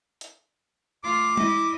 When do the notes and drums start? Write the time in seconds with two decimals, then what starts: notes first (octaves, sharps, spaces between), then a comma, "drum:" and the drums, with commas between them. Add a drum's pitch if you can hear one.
0.21 drum: hi-hat
1.04 A3 F4 D6
1.37 E4 D#5, drum: tom